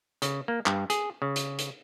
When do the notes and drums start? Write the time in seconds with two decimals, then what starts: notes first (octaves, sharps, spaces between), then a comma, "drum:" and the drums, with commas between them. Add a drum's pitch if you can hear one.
0.22 C#3, drum: hi-hat
0.48 A#3
0.66 G2, drum: clap
0.90 G#4, drum: hi-hat
1.22 C#3
1.36 drum: hi-hat
1.58 drum: hi-hat